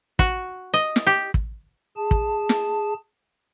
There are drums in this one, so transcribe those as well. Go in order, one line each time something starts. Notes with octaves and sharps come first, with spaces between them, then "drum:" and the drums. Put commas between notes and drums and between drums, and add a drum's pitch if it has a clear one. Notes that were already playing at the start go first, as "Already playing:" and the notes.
F#4, drum: kick
D#5
drum: snare
G4
drum: kick
G#4 A5
drum: kick
drum: snare